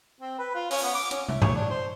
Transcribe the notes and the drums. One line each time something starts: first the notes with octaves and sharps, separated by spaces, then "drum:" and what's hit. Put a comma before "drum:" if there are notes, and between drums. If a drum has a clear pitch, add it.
C4
B4
F4
C#4, drum: open hi-hat
B3
D6
C#4, drum: hi-hat
E4, drum: tom
C#5, drum: tom G2
D4
C5